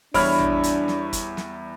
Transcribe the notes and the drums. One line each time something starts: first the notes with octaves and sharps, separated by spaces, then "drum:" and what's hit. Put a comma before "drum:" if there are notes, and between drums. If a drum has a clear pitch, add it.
E2 G3 D4 E4 C#5 B5 F6 D7, drum: kick, open hi-hat
drum: tom A1
drum: hi-hat
drum: snare
drum: kick, hi-hat
drum: snare